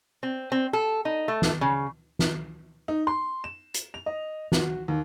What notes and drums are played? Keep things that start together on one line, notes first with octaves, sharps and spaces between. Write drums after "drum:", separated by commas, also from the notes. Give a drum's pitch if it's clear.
C4
C4
A4
D#4
A3
drum: snare
C#3
drum: snare
D#4
C6
E7
drum: hi-hat
F7
D#5
F#4, drum: snare
D#2